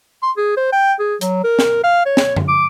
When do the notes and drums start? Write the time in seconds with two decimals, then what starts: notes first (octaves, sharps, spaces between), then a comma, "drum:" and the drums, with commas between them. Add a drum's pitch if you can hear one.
0.22 C6
0.37 G#4
0.57 C5
0.72 G5
0.99 G#4
1.21 F#3, drum: hi-hat
1.44 A#4
1.59 drum: snare
1.84 F5
2.06 C#5
2.17 drum: snare
2.36 drum: tom
2.48 D6